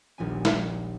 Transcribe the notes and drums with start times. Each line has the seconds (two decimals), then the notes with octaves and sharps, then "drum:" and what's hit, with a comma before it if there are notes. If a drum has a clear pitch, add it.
0.18 D#1 A#1 F3 B3 G#5
0.45 drum: snare